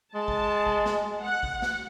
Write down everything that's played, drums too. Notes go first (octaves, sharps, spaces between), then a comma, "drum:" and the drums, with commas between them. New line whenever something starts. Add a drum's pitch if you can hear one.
G#3 A5
drum: kick
drum: kick
drum: snare
F#5
drum: kick
drum: snare